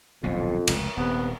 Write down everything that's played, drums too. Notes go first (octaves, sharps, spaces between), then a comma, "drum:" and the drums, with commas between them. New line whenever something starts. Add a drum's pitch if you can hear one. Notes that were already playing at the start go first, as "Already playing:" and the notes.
D#1 B1 F2 A2
F1 C#2, drum: cymbal
D#1 C3 B3